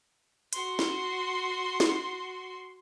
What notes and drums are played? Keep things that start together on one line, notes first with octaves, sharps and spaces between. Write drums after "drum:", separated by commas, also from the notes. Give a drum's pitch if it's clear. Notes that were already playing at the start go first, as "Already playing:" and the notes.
F#4 C6, drum: hi-hat
drum: snare
drum: snare